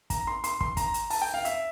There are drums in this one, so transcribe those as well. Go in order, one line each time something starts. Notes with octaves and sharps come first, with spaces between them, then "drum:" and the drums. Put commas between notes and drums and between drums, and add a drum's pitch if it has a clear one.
A#5, drum: kick, hi-hat
C6
C6, drum: hi-hat
C6, drum: kick
A#5, drum: kick, hi-hat
drum: hi-hat
A5, drum: open hi-hat
G5
F5
E5, drum: hi-hat